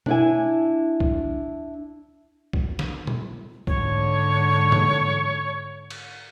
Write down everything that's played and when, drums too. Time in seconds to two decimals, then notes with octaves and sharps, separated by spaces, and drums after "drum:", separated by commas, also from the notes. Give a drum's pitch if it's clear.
0.06 D4 E4 G#5, drum: tom B2
1.00 drum: kick C2
2.53 drum: kick C2
2.79 drum: snare
3.07 drum: tom
3.67 G#2 D3 C#5, drum: kick C2
4.72 drum: tom
5.90 drum: cymbal